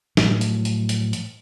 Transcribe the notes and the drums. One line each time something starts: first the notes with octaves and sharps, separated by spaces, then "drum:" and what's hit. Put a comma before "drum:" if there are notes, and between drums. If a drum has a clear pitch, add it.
A2 F3 F#3, drum: snare
drum: hi-hat
drum: hi-hat
drum: hi-hat
drum: hi-hat